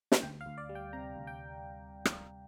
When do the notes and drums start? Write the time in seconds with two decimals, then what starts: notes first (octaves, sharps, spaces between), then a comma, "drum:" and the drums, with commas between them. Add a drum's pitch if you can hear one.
0.12 drum: snare
0.23 D2 G5
0.41 F5
0.46 D2
0.58 D5
0.69 G3
0.75 G5
0.93 C3 A#5
1.16 D2
1.27 G5
2.05 drum: rim click